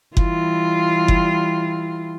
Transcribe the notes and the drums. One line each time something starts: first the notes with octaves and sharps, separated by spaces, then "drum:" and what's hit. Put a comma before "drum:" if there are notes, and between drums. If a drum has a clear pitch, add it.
E3 G3 F4, drum: kick F#1
drum: kick F#1